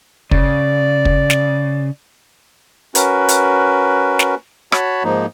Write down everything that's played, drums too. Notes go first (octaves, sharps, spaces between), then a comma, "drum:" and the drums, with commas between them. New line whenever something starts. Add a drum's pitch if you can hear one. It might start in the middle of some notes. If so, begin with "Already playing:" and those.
C#3 D5, drum: kick
drum: kick
drum: snare
C#4 F#4 A#4 B4, drum: hi-hat
drum: hi-hat
drum: snare
F#4 C#5 A5 B5, drum: rim click
G#2 F3 A#3 D#4